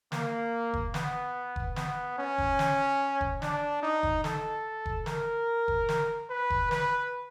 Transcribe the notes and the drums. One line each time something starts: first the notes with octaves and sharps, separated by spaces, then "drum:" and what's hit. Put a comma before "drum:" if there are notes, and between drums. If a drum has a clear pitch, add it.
A#3, drum: snare
drum: kick F1
B3, drum: snare
drum: kick F1
B3, drum: snare
C#4
drum: kick F1
drum: snare
drum: kick F1
D4, drum: snare
D#4
drum: kick F1
A4, drum: snare
drum: kick F1
A#4, drum: snare
drum: kick F1
drum: snare
B4
drum: kick F1
B4, drum: snare